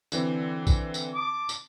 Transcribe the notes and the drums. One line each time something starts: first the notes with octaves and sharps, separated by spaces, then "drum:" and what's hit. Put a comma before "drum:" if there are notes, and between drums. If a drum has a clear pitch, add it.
D3 E3 C4, drum: tambourine
drum: kick A#1, tambourine
drum: tambourine
A5 D6
drum: tambourine